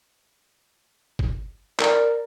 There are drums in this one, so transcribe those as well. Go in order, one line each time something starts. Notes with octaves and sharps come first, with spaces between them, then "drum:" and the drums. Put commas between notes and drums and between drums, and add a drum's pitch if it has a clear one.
drum: kick G1
A#4 D5, drum: clap